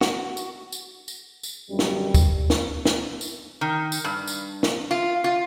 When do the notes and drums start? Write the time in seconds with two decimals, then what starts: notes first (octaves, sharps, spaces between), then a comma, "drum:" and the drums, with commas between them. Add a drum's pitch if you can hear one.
0.01 F#4, drum: snare
0.37 drum: tambourine
0.72 drum: tambourine
1.08 drum: tambourine
1.43 drum: tambourine
1.70 G1 F#2 G3
1.79 drum: snare
2.14 drum: kick D2, tambourine
2.50 drum: snare
2.85 drum: snare
3.21 drum: tambourine
3.61 D#3
3.92 drum: tambourine
4.04 G2
4.27 drum: tambourine
4.63 drum: snare
4.91 F4
5.24 F4